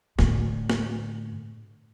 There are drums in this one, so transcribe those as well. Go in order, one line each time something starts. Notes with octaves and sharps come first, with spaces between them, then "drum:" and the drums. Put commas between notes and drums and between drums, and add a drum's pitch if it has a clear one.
A2 D3, drum: snare
drum: snare